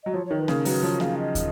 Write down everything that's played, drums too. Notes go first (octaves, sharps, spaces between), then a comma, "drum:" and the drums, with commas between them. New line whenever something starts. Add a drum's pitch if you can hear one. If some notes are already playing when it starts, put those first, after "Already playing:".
F#3 D#5
F3 C#5
D#3 C#5
B4
C#3, drum: snare A#3
A#4
F#3 B4, drum: open hi-hat
F3 C#5
C#3 F5, drum: snare A#3
D#5
drum: kick, hi-hat